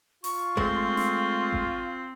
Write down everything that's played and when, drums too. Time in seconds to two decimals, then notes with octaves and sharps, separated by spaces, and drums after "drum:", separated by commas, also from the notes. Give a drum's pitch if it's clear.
0.24 F4 C#6, drum: open hi-hat
0.57 G#3 A3 C4, drum: kick G#1
0.97 drum: snare
1.53 drum: kick G#1